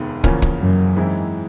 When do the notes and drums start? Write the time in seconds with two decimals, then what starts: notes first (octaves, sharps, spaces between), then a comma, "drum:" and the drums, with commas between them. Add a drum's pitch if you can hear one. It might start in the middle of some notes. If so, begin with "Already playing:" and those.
Already playing: F1 D#2 D#3 G#3 B3
0.24 E2 C#3 F3 A#3 C#4, drum: kick
0.42 drum: kick
0.60 F#2
0.96 G#2 E3 G#3 C4 E4